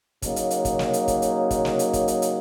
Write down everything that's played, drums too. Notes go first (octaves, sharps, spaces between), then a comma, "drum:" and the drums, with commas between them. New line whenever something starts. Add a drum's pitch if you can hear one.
C#3 F#3 A#3 D#4, drum: kick, hi-hat
drum: hi-hat
drum: hi-hat
drum: kick, hi-hat
drum: snare
drum: hi-hat
drum: kick, hi-hat
drum: hi-hat
drum: kick, hi-hat
drum: snare
drum: hi-hat
drum: kick, hi-hat
drum: hi-hat
drum: hi-hat